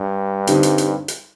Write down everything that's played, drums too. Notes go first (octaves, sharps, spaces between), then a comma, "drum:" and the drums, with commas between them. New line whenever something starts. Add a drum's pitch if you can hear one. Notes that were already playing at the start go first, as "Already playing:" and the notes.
Already playing: G2
D3 G3 C4 D#4, drum: hi-hat
drum: hi-hat
drum: hi-hat
drum: hi-hat